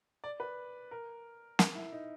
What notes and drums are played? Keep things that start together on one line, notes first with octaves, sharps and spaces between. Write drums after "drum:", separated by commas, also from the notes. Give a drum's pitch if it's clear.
D5
B4
A#4
A#4, drum: snare
E4
D#4